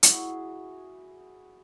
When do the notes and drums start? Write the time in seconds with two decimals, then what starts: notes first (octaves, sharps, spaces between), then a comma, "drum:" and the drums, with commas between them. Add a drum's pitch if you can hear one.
0.03 E4 F#4 G#4, drum: hi-hat